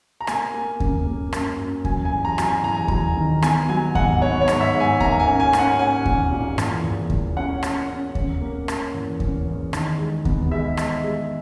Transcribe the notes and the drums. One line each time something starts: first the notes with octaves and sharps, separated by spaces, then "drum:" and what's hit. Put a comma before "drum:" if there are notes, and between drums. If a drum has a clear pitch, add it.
A#5
A#3 G#5, drum: rim click
A#3
F#2, drum: kick D#2
A#3
F#2, drum: rim click
F#2
F#3 G#5, drum: kick D#2
G#5
E2
A#5
F#3, drum: rim click
G#5
E2 A#5
G#5
F#3 A#5, drum: kick D#2
D#3
B3 G#5, drum: rim click
F#3 G#5
G#2 F#5, drum: kick D#2
B3 C#5
C#5
G#2, drum: rim click
E5
G#2
G#5
A#3 A#5, drum: kick D#2
G#5
C#4
G#5
C#4, drum: rim click
F#5
C#4 G#5
A#2, drum: kick D#2
A#2
E2, drum: rim click
E2
E2, drum: kick D#2
C#4 F#5
C#4, drum: rim click
C#4
C#4, drum: kick D#2
A#3
C#4, drum: rim click
E2
C#4, drum: kick D#2
E2
D#3, drum: rim click
G#3
B3, drum: kick D#2
G#3 E5
G#3, drum: rim click
G#3